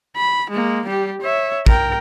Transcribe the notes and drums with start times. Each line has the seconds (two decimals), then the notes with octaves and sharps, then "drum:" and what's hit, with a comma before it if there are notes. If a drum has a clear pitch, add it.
0.17 B5
0.50 G#3 A#3
0.86 G3 G4
1.22 C#5 E5
1.66 A#4 G5, drum: kick